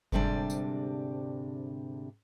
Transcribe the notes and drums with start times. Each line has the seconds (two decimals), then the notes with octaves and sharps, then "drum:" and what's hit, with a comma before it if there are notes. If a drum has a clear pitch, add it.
0.12 D2 G#2 C3 G3 D4 D5, drum: kick F#1
0.50 drum: tambourine